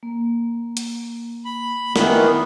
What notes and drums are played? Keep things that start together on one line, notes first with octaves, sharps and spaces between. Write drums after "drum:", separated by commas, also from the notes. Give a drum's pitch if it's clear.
A#3
drum: hi-hat
B5
D#3 E3 B3, drum: snare